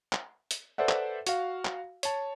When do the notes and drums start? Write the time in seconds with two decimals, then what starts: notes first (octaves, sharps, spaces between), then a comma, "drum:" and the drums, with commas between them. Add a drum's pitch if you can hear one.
0.13 drum: clap
0.51 drum: hi-hat
0.78 A4 B4 C5 D5 E5 F#5
0.89 drum: clap
1.27 F#4 F5, drum: hi-hat
1.65 drum: clap
2.03 C#5 A5, drum: hi-hat